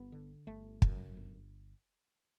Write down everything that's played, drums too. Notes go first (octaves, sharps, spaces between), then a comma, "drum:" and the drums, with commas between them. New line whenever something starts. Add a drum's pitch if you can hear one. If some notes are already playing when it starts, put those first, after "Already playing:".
Already playing: G1 B3
D3
G1 A3
F#2, drum: kick
G1